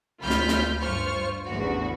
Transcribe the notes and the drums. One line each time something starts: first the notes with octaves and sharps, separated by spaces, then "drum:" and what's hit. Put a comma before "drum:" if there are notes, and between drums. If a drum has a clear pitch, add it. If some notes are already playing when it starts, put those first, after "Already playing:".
D2 F4 B5 F6 G6 B6
drum: snare
drum: snare
G2 F4 C5 C#6 F6
A1 E2 D3 F#4